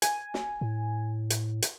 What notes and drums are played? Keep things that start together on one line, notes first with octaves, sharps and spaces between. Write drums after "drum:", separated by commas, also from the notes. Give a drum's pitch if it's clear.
G#5, drum: hi-hat
drum: snare
A2
drum: hi-hat
drum: hi-hat